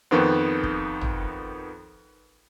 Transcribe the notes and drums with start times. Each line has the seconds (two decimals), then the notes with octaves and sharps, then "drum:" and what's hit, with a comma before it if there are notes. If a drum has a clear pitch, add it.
0.11 F2 D#3 B3 C4
0.63 drum: kick
1.01 drum: tom